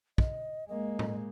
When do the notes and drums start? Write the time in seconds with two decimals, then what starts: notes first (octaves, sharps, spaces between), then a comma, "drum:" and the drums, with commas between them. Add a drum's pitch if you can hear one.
0.18 D#5, drum: kick
0.69 G#3 A#3 D#5
0.99 drum: tom A2